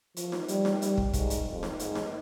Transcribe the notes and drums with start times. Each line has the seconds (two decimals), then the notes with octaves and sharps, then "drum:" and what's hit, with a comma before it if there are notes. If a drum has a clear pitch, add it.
0.17 F3, drum: hi-hat
0.32 drum: snare D#4
0.48 G3, drum: hi-hat
0.65 drum: snare D#4
0.82 G3, drum: hi-hat
0.97 drum: kick
1.13 G#2, drum: kick, hi-hat
1.30 drum: hi-hat
1.47 F2
1.63 drum: snare D#4
1.79 G#2, drum: hi-hat
1.95 drum: snare D#4